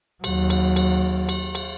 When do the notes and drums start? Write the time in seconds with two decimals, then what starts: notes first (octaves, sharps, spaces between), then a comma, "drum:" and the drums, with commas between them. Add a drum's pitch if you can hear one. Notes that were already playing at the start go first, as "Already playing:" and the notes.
0.24 D#2 F#3, drum: cymbal
0.50 drum: cymbal
0.76 drum: cymbal
1.29 drum: cymbal
1.55 drum: cymbal